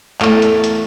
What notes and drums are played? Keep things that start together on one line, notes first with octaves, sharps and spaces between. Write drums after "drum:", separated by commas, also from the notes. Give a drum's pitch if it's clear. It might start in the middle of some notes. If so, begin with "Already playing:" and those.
E2 A3 A#4 F5, drum: clap
drum: hi-hat
drum: hi-hat